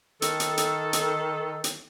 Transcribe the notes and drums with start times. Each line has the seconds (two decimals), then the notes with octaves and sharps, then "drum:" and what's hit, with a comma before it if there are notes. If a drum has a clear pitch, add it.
0.22 D#3 A4, drum: hi-hat
0.40 drum: hi-hat
0.57 drum: hi-hat
0.93 drum: hi-hat
1.64 drum: hi-hat